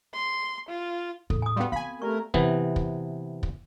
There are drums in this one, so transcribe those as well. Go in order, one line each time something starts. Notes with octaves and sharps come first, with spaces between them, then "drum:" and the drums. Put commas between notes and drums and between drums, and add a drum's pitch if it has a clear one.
C6
F4
E2 A2 A4, drum: kick
G#5 D#6
G3 B3 F#4 F5 G5
B3 C4 F5 G#5 B5
A3 G4 A#4 D5 C#6
C3 E3 B3, drum: kick
drum: kick
drum: kick